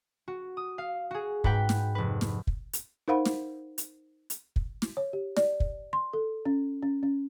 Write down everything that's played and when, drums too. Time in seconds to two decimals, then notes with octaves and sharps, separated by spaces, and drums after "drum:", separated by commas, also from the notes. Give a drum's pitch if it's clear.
0.28 F#4
0.57 D#6
0.78 F5
1.11 F#4 G#4
1.44 G#2 B4 F#5 G5 B6, drum: kick
1.69 drum: snare
1.95 F1 B4
2.21 drum: snare
2.47 drum: kick
2.73 drum: hi-hat
3.08 D#4 A#4 C5 F5 F#5 B5
3.26 drum: snare
3.78 drum: hi-hat
4.30 drum: hi-hat
4.56 drum: kick
4.82 drum: snare
4.97 C#5
5.13 G4
5.37 D5, drum: snare
5.60 drum: kick
5.93 C6
6.13 A4
6.45 C#4
6.83 C#4
7.03 C#4